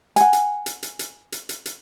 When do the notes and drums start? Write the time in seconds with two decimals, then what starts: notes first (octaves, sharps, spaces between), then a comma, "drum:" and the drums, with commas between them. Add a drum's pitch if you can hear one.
0.16 F#5 G#5, drum: hi-hat
0.33 drum: hi-hat
0.66 drum: hi-hat
0.83 drum: hi-hat
0.99 drum: hi-hat
1.32 drum: hi-hat
1.49 drum: hi-hat
1.66 drum: hi-hat